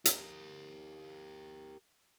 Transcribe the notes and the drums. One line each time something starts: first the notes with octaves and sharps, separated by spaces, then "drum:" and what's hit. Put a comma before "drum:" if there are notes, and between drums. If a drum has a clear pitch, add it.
G4 A#4, drum: hi-hat